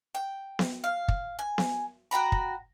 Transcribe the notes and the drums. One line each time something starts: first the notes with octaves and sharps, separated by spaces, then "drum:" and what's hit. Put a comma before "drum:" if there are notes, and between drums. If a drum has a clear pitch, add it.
G5
drum: snare B3
F5
drum: kick
G#5
drum: snare B3
F#4 G5 A#5 B5
drum: kick